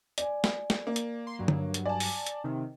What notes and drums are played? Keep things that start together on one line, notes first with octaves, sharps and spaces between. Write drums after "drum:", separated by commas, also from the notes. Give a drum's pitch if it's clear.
D5 G#5, drum: hi-hat
drum: snare
drum: snare
A#3
drum: hi-hat
C6
G2 F#3
drum: tom D3
drum: hi-hat
D5 G#5 A5
drum: open hi-hat
drum: hi-hat
C3 D#3